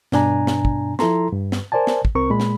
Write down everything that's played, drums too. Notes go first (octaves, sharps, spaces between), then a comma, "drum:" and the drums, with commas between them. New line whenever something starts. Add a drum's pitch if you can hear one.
G2 B2 D4 G#5 A#5, drum: snare
drum: snare
drum: kick
F3 E4 A4 A#5 C6, drum: snare
G2
drum: snare
A#4 C5 D5 G#5 A5
drum: snare
drum: kick
C2 C4 A#4 C#6
A#2 G#3 B5
drum: snare